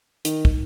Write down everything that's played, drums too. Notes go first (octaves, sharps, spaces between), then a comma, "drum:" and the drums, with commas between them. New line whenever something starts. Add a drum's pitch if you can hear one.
D#3, drum: hi-hat
drum: kick